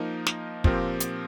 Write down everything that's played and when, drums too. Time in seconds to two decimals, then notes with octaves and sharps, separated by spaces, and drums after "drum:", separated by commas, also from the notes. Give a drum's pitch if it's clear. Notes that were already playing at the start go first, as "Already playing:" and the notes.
Already playing: F3 A#3 D#4 A#4
0.27 drum: snare
0.64 A#2 F3 C4 G4 A#4, drum: kick
1.00 drum: hi-hat